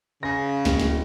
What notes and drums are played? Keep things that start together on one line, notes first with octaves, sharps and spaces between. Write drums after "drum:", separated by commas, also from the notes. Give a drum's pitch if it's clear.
C#3 A#6
D1, drum: snare
drum: snare